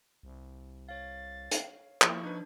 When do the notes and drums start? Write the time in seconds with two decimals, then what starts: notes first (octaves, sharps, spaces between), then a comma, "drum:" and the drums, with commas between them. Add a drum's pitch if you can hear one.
0.23 C2
0.89 C#5 F5 A6
1.51 drum: hi-hat
2.02 F3 A#3 E4 C#6, drum: clap
2.23 D4 D#4 B4 G#6